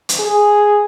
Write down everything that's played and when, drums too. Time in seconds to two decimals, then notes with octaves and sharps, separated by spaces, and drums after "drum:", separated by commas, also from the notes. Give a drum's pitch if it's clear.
0.09 drum: hi-hat
0.19 G#4